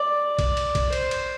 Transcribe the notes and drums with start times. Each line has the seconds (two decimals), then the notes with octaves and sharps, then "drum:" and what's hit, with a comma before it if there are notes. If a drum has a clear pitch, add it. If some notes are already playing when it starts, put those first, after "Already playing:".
Already playing: D5
0.39 D5, drum: kick B1, cymbal
0.57 drum: cymbal
0.75 drum: kick B1, cymbal
0.93 C5, drum: cymbal
1.11 drum: cymbal